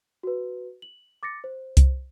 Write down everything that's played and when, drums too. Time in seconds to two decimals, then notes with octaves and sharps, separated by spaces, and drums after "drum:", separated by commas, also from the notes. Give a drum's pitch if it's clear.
0.23 F#4 B4
0.82 F#7
1.23 D6 A6 A#6 C#7
1.44 C5
1.77 drum: kick C2, hi-hat